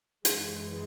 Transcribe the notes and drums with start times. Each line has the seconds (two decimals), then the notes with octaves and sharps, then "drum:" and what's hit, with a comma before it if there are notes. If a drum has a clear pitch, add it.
0.25 F#2 E3 G#3, drum: hi-hat